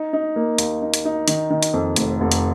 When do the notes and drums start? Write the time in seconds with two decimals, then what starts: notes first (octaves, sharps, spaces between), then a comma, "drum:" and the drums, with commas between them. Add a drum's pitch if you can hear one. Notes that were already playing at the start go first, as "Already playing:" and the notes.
Already playing: D#4
0.13 D#4
0.36 A#3
0.58 D#2, drum: hi-hat
0.82 D#4
0.94 drum: hi-hat
1.05 D#4
1.28 D#3, drum: hi-hat
1.50 D#3
1.63 drum: hi-hat
1.73 F2
1.96 F1, drum: hi-hat
2.21 F1
2.32 drum: hi-hat